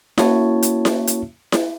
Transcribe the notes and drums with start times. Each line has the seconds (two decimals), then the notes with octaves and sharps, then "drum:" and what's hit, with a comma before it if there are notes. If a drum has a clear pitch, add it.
0.18 A#3 C#4 E4 F#4 C#5 A5, drum: snare E4
0.62 drum: hi-hat
0.85 drum: snare E4
1.07 drum: hi-hat
1.52 drum: snare E4